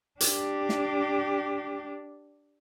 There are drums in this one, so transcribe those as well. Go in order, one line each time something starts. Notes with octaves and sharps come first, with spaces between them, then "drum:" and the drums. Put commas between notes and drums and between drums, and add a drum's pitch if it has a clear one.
D4 G4, drum: hi-hat
drum: snare